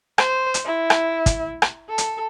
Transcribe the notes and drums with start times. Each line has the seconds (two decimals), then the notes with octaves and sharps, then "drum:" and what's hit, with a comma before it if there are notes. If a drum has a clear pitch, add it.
0.18 C5, drum: rim click
0.54 drum: hi-hat
0.65 E4
0.90 drum: rim click
1.26 drum: kick, hi-hat
1.62 drum: rim click
1.89 A4
1.98 drum: hi-hat